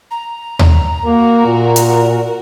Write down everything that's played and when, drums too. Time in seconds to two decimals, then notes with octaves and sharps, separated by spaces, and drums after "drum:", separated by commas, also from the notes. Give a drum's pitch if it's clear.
0.11 A#5
0.59 drum: tom D#2
1.05 A#3 F#4 A#4
1.45 A#2
1.76 drum: hi-hat